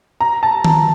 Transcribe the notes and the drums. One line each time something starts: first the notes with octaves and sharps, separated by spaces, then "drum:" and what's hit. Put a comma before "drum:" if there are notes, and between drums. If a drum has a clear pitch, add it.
A#5
A5
drum: tom D#3